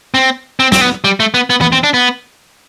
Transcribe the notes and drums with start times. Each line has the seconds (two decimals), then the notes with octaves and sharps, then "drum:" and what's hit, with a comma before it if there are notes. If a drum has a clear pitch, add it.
0.14 C4
0.60 C4
0.72 C4, drum: snare
0.81 B3
1.04 G3
1.20 A3
1.34 B3
1.50 B3
1.61 B3, drum: tom E3
1.72 C4
1.84 D4
1.94 B3